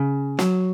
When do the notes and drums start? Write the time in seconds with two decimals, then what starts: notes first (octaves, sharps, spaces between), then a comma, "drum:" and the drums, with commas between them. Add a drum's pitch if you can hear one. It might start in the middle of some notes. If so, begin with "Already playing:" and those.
Already playing: C#3
0.39 F#3, drum: snare